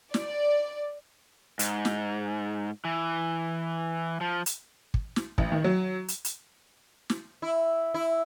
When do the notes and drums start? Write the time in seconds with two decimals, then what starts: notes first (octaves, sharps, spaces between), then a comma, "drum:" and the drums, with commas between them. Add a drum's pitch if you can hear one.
0.14 D5, drum: snare
1.59 G#2, drum: hi-hat
1.85 drum: snare
2.85 E3
4.21 F3
4.46 drum: hi-hat
4.94 drum: kick
5.16 drum: snare
5.38 A1, drum: kick
5.52 D#3
5.64 F#3
6.08 drum: hi-hat
6.24 drum: hi-hat
7.10 drum: snare
7.42 E4
7.94 E4